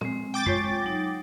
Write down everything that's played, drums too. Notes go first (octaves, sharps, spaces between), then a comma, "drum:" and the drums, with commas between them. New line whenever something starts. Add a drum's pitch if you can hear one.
G#3 C4, drum: tom
G5 D6 A6
G#3 F4 C#5 C#6, drum: kick
F#3 D#4